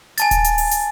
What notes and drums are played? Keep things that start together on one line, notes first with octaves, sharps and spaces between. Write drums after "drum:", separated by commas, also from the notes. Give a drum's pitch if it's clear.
G#5 A5 A6, drum: hi-hat
drum: kick D#1, hi-hat
drum: hi-hat
drum: open hi-hat
drum: hi-hat